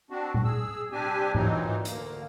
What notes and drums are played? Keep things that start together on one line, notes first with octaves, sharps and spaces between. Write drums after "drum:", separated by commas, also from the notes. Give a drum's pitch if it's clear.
C4 D4 F#4
drum: tom A#2
G#4 E6
C3 G3 C4 D4 G4 G#5
A#2 E3 F#3 C4 D#4, drum: tom G#2
D2 A#3, drum: hi-hat